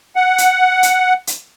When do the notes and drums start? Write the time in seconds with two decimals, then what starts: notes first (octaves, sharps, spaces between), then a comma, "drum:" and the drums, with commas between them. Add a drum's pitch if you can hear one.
0.16 F#5
0.38 drum: hi-hat
0.83 drum: hi-hat
1.27 drum: hi-hat